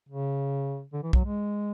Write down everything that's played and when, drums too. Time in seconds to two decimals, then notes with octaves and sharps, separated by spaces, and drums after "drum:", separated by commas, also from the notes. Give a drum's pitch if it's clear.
0.09 C#3
0.93 D3
1.03 E3
1.13 F#3, drum: kick
1.24 G#3